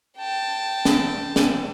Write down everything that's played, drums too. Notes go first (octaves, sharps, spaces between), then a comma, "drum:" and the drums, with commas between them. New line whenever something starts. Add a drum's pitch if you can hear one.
G5 A5
drum: snare
drum: snare